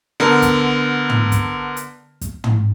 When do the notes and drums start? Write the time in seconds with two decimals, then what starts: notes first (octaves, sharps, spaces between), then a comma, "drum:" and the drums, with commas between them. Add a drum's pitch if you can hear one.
0.20 D3 B3 A#4
0.42 drum: kick, hi-hat
1.09 drum: tom
1.32 drum: kick, hi-hat
1.77 drum: hi-hat
2.21 drum: kick, hi-hat
2.44 drum: tom